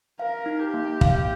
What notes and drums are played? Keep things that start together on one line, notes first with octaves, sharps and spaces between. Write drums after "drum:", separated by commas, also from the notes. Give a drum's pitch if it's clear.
A#4 F5
D#4
G4
A#3
F5, drum: kick